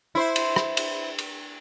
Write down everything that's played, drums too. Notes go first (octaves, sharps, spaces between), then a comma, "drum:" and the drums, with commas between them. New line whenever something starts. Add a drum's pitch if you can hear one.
E4 C5
drum: cymbal
drum: rim click
drum: cymbal
drum: cymbal